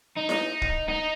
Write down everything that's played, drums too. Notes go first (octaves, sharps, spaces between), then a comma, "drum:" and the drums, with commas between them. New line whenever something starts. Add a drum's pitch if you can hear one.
D#4
drum: snare E4
drum: kick
D#4